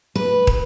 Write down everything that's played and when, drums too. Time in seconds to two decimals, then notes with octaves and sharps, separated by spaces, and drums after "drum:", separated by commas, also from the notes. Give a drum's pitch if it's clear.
0.15 B4
0.47 drum: kick